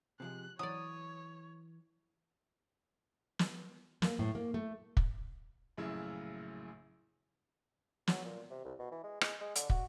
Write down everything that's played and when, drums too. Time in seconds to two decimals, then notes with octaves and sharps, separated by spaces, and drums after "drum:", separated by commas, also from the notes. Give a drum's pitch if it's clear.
0.20 C3 F3 G#3 F#6
0.59 E3 F#3 C#5 D5 D#6
3.39 drum: snare
4.02 A#3, drum: snare
4.19 A2
4.35 A#3
4.54 A3
4.97 drum: kick
5.77 A#1 F#2 A2 C#3 E4
8.07 F#3, drum: snare
8.24 A#2
8.50 C3
8.65 C2
8.79 B2
8.92 E3
9.03 G#3
9.21 G#3, drum: rim click
9.41 G#3
9.55 D3, drum: hi-hat
9.70 F#4, drum: kick